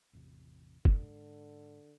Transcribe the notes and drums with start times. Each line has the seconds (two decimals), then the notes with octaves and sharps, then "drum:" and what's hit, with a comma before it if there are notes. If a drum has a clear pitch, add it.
0.13 A1 E2 C3
0.85 G#2 D3, drum: kick